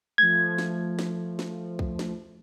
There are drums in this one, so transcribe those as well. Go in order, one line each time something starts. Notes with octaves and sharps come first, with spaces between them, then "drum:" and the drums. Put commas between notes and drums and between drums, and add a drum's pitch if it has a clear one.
F3 A3 G#6
drum: snare
drum: snare
drum: snare
drum: kick
drum: snare